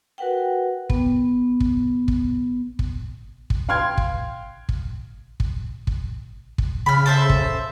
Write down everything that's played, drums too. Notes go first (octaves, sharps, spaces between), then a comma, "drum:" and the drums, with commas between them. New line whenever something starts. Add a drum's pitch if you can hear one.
F#4 A#4 B4 F#5 G5
B3, drum: kick
drum: kick
drum: kick
drum: kick
drum: kick
F5 G5 C6 F6 G#6
drum: kick
drum: kick
drum: kick
drum: kick
drum: kick
C#3 B5 F6
A4 C5 E5
drum: kick